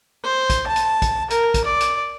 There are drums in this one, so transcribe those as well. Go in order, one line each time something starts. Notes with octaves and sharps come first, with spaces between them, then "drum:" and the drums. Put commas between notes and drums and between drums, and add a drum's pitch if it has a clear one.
C5
drum: kick, hi-hat
A5
drum: hi-hat
drum: kick, hi-hat
A#4, drum: hi-hat
drum: kick, hi-hat
D5
drum: hi-hat